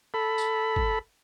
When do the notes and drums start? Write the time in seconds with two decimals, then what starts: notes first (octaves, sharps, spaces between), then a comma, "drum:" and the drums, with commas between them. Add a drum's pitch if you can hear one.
0.14 A4 B5
0.38 drum: tambourine
0.76 drum: kick